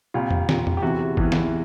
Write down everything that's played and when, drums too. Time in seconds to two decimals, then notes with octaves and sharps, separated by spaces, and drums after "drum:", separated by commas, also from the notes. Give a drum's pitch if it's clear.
0.14 C2 A#2 F4
0.31 drum: tom E2
0.49 C2 A#2, drum: snare
0.67 drum: tom E2
0.77 G4
0.82 E2 C3 E3 F#4
1.17 E2 C3 E3, drum: kick
1.32 drum: snare